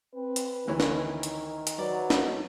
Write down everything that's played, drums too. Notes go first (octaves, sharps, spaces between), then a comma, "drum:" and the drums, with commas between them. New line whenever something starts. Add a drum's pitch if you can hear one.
C4 B4
drum: hi-hat
D2 D#3 E3 C#5
drum: snare
drum: hi-hat
drum: hi-hat
F#3 B4 D5
drum: snare